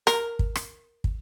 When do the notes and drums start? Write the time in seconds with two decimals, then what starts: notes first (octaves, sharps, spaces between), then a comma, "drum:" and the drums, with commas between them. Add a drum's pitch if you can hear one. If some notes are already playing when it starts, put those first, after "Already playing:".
0.07 A#4, drum: rim click
0.39 drum: kick
0.55 drum: rim click
1.04 drum: kick